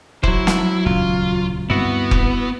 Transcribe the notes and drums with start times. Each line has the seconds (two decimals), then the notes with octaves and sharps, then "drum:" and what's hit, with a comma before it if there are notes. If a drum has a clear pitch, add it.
0.23 F#3 E4 C5, drum: kick F1
0.47 drum: snare
0.86 D#1 C#2 F4
1.70 D2 G2 B3 C4 E4 F#4
2.11 drum: kick F1